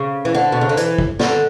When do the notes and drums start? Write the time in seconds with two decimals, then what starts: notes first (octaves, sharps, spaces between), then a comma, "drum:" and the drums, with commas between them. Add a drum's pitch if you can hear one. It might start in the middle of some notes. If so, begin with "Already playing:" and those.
Already playing: C#3
0.25 E3
0.34 D3
0.52 B2
0.61 C#3
0.69 D3
0.77 E3, drum: hi-hat
0.98 drum: kick
1.19 D3, drum: snare